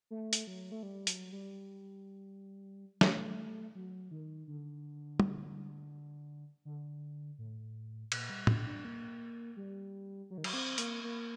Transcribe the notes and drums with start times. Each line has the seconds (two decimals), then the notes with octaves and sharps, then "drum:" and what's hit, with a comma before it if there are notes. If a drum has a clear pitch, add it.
0.11 A3
0.33 drum: hi-hat
0.47 F#3
0.72 A3
0.83 G3
1.07 F#3, drum: hi-hat
1.32 G3
3.01 A3, drum: snare
3.75 F#3
4.11 D#3
4.48 D3
5.20 drum: tom
6.65 D3
7.38 A2
8.12 A#2, drum: cymbal
8.30 G3
8.47 D4, drum: tom
8.66 D4
8.85 A#3
9.57 G3
10.30 F#3
10.38 D#3
10.44 F#3, drum: cymbal
10.53 C4
10.78 A#3, drum: hi-hat
11.03 A#3